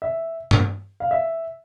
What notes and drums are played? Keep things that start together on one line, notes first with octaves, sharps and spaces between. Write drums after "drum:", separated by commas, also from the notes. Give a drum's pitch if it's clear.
E5
drum: tom G2
F5
E5